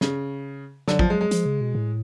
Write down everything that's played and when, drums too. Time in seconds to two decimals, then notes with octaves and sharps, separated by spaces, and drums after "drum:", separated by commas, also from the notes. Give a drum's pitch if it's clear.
0.01 C#3, drum: snare
0.88 D3 F#3, drum: snare
0.99 F3, drum: kick
1.10 G#3
1.21 G#3
1.31 F3, drum: hi-hat
1.46 C#3
1.61 B2
1.75 A2